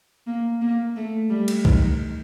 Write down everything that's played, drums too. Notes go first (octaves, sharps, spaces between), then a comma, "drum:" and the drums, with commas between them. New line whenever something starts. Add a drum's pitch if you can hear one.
A#3
A#3
A3
G3
drum: cymbal
D#3, drum: kick C2